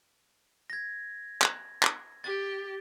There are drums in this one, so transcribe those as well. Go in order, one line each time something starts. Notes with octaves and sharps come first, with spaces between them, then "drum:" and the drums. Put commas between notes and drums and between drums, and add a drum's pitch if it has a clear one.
G#6 A#6
drum: clap
drum: clap
G4 A6